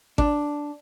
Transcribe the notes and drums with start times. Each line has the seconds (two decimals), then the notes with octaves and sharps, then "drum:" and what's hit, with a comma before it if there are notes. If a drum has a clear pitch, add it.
0.18 D4, drum: kick G#1